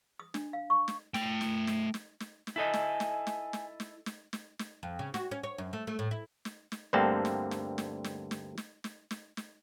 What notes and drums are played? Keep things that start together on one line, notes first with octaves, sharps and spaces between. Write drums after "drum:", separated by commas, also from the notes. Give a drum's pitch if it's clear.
D#6
D4, drum: snare
F5
C#6
drum: snare
A3 G5, drum: snare
drum: snare
drum: snare
drum: snare
drum: snare
drum: snare
E4 A4 D#5 G#5
drum: snare
drum: snare
drum: snare
drum: snare
drum: snare
drum: snare
drum: snare
drum: snare
F2
C#3
F#4, drum: snare
C#4
C#5
F#2
A3
A3
A2
E4
drum: snare
drum: snare
D2 G2 D3 A#3 C4 A5
drum: snare
drum: snare
drum: snare
drum: snare
drum: snare
drum: snare
drum: snare
drum: snare
drum: snare